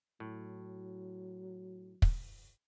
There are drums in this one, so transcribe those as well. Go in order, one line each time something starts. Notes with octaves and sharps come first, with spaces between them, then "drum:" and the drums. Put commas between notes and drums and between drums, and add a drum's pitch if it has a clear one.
A2 F#3
drum: kick